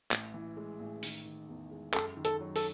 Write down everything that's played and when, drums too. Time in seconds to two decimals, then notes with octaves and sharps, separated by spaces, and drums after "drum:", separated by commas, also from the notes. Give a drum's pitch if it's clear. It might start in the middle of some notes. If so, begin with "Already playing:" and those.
0.11 A1, drum: clap
0.34 E3
0.57 G#3
0.80 A1
1.03 D#3, drum: open hi-hat
1.25 D#3
1.48 E2
1.71 G#3
1.94 F#2 A4, drum: clap
2.17 D#3
2.25 A4, drum: hi-hat
2.40 F#3
2.56 A4, drum: open hi-hat